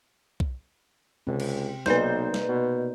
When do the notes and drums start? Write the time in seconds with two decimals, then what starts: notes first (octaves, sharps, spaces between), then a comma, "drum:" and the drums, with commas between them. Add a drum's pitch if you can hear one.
0.40 drum: kick B1
1.27 C#2 C3 C4
1.40 drum: cymbal
1.86 B1 A#3 D#4 B4 C5 D5 G6, drum: snare
2.34 drum: snare
2.48 B2